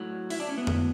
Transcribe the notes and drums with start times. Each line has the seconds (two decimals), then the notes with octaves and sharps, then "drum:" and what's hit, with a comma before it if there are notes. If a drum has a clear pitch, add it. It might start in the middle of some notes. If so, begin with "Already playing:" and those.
Already playing: A2 F#3
0.30 E4, drum: open hi-hat
0.40 D4
0.49 C#4
0.58 A2 F#3 B3
0.67 drum: tom F2